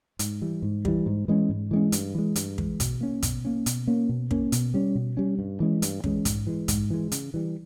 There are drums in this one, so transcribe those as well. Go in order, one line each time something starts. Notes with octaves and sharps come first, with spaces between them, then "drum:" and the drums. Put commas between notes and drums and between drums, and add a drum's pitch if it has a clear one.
G#2, drum: hi-hat
E3 G3
G#2
E3 G3, drum: kick
G#2
E3 G#3 C#4
G#2
E3 G#3 C#4
G2, drum: hi-hat
E3 G#3
G2, drum: hi-hat
E3 G#3, drum: kick
B2, drum: kick, hi-hat
A#3 C#4
B2, drum: kick, hi-hat
A#3 C#4
B2, drum: hi-hat
A#3 C#4
B2
A#3 C#4, drum: kick
B2, drum: hi-hat
G3 C#4
B2
G3 C#4
G2
E3 G#3 C#4
G2, drum: hi-hat
E3 G#3 C#4, drum: kick
G#2, drum: kick, hi-hat
E3 G#3
G#2, drum: kick, hi-hat
E3 G#3
C#3, drum: hi-hat
E3 G3